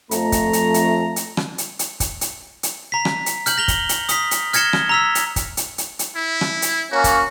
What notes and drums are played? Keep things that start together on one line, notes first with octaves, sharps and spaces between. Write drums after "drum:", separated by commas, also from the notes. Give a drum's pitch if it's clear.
F2 A3 A#5, drum: hi-hat
drum: kick, hi-hat
drum: hi-hat
drum: hi-hat
drum: hi-hat
drum: rim click
drum: hi-hat
drum: hi-hat
drum: kick, hi-hat
drum: hi-hat
drum: hi-hat
A#5 B6
drum: rim click
drum: hi-hat
F6 G6 F#7, drum: hi-hat
A#6 F7 G7
drum: kick, hi-hat
drum: hi-hat
D#6 B6, drum: hi-hat
drum: hi-hat
F6 G#6 A#6 C#7 E7 G7, drum: hi-hat
drum: rim click
A#5 E6 B6
drum: hi-hat
drum: kick, hi-hat
drum: hi-hat
drum: hi-hat
drum: hi-hat
E4
drum: rim click
drum: hi-hat
A#3 C#4 F#4
drum: kick, hi-hat